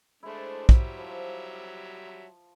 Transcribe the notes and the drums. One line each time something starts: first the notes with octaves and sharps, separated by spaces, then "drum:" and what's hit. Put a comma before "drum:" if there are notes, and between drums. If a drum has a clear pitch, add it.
G#3 A3 D4 E4 C5
F#3 G3 E5, drum: kick
F3